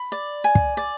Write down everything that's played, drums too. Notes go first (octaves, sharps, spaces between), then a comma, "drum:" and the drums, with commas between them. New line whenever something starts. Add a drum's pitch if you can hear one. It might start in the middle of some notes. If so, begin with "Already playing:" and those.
Already playing: B5
D5
G#5
drum: kick
D5